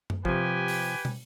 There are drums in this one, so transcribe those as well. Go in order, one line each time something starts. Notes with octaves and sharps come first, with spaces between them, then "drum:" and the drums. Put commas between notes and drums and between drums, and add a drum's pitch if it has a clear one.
drum: tom F#2
C3 F3 G4 B4 G#5, drum: kick
drum: open hi-hat
drum: tom